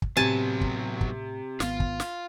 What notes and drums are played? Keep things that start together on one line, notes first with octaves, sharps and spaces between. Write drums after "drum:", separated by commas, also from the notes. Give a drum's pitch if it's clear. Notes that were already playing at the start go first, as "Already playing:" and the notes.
drum: kick
A2 C3 F#3 B3 C4 G#5 A5
drum: kick
drum: kick
G#1 B3 F4 F5, drum: snare
drum: kick
drum: snare